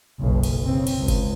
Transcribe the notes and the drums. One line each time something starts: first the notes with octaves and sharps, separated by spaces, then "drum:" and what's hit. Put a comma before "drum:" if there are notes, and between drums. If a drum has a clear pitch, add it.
F#1 B1
drum: cymbal
C#3 C4
drum: cymbal
C#2
drum: kick G1, cymbal